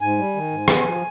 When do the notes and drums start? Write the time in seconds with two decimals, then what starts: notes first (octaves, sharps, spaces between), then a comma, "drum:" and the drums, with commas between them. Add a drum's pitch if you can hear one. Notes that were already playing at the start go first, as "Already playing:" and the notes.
0.01 G#2 G#5
0.19 G3
0.35 D#3
0.51 G#2
0.68 B3, drum: rim click
0.86 F3